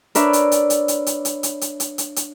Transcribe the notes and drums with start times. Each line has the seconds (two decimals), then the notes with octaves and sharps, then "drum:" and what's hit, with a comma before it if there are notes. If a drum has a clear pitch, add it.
0.15 D4 A#4 B4 C#5 D5 E5, drum: hi-hat
0.33 drum: hi-hat
0.52 drum: hi-hat
0.70 drum: hi-hat
0.88 drum: hi-hat
1.06 drum: hi-hat
1.25 drum: hi-hat
1.43 drum: hi-hat
1.61 drum: hi-hat
1.80 drum: hi-hat
1.98 drum: hi-hat
2.16 drum: hi-hat